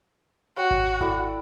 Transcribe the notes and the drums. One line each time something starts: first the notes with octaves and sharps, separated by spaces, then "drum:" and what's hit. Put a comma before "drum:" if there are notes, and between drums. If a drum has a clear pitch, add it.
F#4 C#5 G5
drum: kick G#1
E4 A4 D5, drum: kick G#1